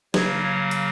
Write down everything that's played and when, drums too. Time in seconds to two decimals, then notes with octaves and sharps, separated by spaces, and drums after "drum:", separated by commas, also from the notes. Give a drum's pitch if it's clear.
0.14 C#3 F#3 A#3 C#5, drum: snare
0.43 C#5
0.71 drum: hi-hat